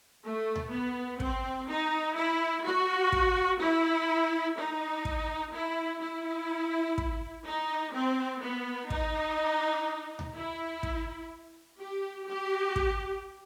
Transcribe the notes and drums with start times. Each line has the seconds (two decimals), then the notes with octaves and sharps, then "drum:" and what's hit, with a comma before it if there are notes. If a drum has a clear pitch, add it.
0.24 A3
0.56 drum: tom D2
0.71 B3
1.20 C4, drum: kick
1.68 D#4
2.16 E4
2.64 F#4
3.12 drum: kick
3.61 E4
4.57 D#4
5.05 drum: kick
5.53 E4
6.01 E4
6.98 drum: kick
7.46 D#4
7.94 C4
8.42 B3
8.90 D#4, drum: kick
10.19 drum: tom D2
10.35 E4
10.83 drum: kick
11.80 G4
12.27 G4
12.76 drum: kick